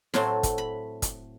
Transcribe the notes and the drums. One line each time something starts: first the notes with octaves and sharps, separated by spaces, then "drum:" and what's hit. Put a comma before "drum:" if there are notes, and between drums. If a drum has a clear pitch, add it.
A2 F#3 A3 C4 C6, drum: snare E4
drum: kick, hi-hat
B5
drum: kick, hi-hat